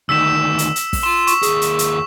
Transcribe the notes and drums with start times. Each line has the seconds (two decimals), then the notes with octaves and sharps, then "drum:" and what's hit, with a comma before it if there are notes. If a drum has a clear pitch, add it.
0.09 D2 D#3 E6 B6 E7
0.58 drum: hi-hat
0.76 drum: hi-hat
0.93 drum: kick, open hi-hat
1.03 F4 C6 E7
1.27 C#6, drum: hi-hat
1.43 D#2 G#4, drum: hi-hat
1.62 drum: hi-hat
1.79 drum: hi-hat